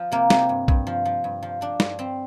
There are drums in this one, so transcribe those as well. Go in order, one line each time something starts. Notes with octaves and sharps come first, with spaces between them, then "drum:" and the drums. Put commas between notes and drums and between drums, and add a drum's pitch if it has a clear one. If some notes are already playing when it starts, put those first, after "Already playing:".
Already playing: F3
C3 A#3
C3, drum: snare
G2
G2, drum: kick
F3
F3
G2
F3
F3 D4
G2, drum: snare
G3 C4